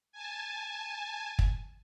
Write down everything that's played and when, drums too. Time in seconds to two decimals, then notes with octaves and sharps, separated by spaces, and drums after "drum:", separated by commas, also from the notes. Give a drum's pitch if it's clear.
0.12 G#5 A5
1.39 drum: kick